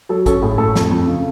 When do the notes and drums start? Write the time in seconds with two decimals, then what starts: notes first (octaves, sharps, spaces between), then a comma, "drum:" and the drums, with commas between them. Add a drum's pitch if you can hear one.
0.09 F#3 A4
0.26 C#4 A4, drum: kick, hi-hat
0.42 A2 G#4
0.58 A3 A4
0.75 F2, drum: snare
0.91 F2
1.07 C#3